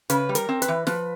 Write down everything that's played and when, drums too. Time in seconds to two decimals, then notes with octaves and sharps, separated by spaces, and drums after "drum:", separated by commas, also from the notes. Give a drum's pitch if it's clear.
0.10 C#3 B4, drum: hi-hat
0.29 G3
0.35 A#4, drum: hi-hat
0.49 C4
0.62 B4, drum: hi-hat
0.68 E3
0.87 F3 B4, drum: snare